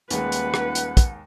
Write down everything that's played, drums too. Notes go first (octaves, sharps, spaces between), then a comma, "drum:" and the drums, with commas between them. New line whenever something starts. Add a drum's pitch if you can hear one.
D#1 D#2 G#3 B4 F#5, drum: hi-hat
drum: hi-hat
drum: rim click
drum: hi-hat
drum: kick, hi-hat